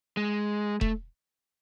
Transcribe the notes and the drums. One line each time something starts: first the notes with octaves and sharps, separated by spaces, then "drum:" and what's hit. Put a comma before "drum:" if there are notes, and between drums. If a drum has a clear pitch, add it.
G#3
A3, drum: kick E1